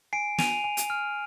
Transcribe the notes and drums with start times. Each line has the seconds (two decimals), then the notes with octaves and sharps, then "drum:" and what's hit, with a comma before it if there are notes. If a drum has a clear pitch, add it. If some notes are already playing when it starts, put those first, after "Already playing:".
0.13 G#5 C7 D7
0.38 G#5 D#7 F7, drum: snare
0.64 G#5
0.77 drum: hi-hat
0.90 F6